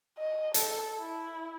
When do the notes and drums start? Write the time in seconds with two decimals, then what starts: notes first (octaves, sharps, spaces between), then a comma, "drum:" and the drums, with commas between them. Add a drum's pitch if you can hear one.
0.18 D#5
0.54 A4, drum: hi-hat
0.99 E4